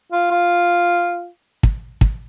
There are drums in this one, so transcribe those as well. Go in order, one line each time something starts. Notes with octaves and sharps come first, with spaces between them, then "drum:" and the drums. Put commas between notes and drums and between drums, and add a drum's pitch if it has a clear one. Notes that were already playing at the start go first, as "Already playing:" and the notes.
F4
F4
drum: kick
drum: kick